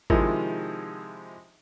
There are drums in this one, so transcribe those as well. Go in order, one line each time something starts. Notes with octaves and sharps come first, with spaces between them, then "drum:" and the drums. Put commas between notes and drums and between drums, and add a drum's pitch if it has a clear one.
C3 D#3 F3 G#3 D#4 E4, drum: kick